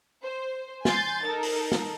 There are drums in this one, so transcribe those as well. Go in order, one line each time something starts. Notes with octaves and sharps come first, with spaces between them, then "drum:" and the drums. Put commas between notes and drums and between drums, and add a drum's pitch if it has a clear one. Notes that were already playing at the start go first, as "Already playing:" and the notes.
C5
G#5 C6 G6 A6, drum: snare
D#4 A4 A#4
drum: open hi-hat
drum: snare